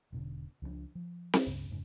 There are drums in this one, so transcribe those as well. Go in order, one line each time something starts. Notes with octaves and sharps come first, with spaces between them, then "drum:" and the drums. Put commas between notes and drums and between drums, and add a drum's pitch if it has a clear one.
E1 B2 D3
C#2 F3 G3 D4
F3
drum: snare C4
C#2 G2 C#3 B3
F2 G#2 C#3